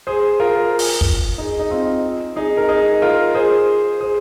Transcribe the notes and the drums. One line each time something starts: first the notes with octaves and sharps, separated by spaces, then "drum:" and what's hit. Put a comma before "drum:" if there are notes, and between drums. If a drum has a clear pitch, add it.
G#4 C5
F4 A#4
drum: open hi-hat
drum: kick
D#4 G#4
D#4
C4 F4
D#4 G#4
A#4
D#4 G#4
F4 A#4
G#4 C5
G#4 C5